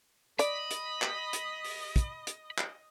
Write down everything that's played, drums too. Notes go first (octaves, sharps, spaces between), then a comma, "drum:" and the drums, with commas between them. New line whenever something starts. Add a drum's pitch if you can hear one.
D5 D#5 B5, drum: hi-hat
drum: hi-hat
drum: clap
drum: hi-hat
drum: open hi-hat
drum: kick, hi-hat
drum: hi-hat
drum: clap